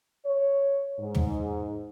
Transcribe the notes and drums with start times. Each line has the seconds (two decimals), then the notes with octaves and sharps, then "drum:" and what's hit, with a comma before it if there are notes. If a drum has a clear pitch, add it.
0.25 C#5
1.00 G#2
1.15 drum: tom